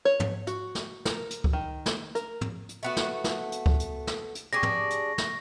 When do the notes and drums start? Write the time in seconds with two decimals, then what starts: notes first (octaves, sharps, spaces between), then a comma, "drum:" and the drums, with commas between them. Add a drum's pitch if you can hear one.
0.05 C#5
0.20 drum: tom
0.47 F#4, drum: hi-hat
0.75 drum: snare
1.05 A#4, drum: snare
1.30 drum: hi-hat
1.44 drum: kick C#2
1.53 D#3
1.86 drum: snare
2.15 A#4, drum: hi-hat
2.41 drum: tom
2.69 drum: hi-hat
2.83 A3 B3 F#4
2.97 drum: snare
3.24 drum: snare
3.52 drum: hi-hat
3.66 drum: kick C#2
3.80 drum: hi-hat
4.07 drum: snare
4.35 drum: hi-hat
4.53 D4 G4 G#4 C#6 A#6
4.63 drum: tom
4.90 drum: hi-hat
5.18 drum: snare